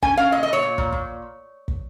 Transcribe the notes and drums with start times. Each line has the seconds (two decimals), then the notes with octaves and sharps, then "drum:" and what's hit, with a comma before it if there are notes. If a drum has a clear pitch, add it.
0.02 C#4 G#5, drum: kick
0.17 C#4 F5
0.32 A#2 D#5
0.43 D#5
0.48 A#2 C#5
0.63 A#2
0.78 A#2, drum: kick
0.92 A#2, drum: kick
1.68 drum: kick